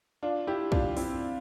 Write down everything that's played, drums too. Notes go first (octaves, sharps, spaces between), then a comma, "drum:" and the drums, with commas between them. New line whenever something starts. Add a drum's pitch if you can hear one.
D4 F4
E4 G4
D4 F4, drum: kick
C4 E4, drum: open hi-hat